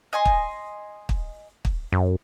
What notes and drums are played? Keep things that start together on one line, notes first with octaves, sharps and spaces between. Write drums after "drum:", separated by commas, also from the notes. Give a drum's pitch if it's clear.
D#5 G#5 C6
drum: kick
drum: kick
drum: kick
F#2